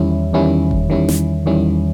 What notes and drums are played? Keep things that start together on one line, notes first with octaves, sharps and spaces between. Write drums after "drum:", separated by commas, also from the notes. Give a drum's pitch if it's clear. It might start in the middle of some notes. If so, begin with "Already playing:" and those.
Already playing: E2 D#3 G3 C#4 E4
E2 D#3 G3 C#4 E4
drum: kick F1
E2 D#3 G3 C#4 E4
drum: snare
E2 D#3 G3 C#4 E4